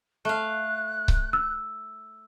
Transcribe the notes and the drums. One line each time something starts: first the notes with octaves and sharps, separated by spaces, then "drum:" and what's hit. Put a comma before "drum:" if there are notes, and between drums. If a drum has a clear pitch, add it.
A3 F5 F#6
drum: kick C#1
E6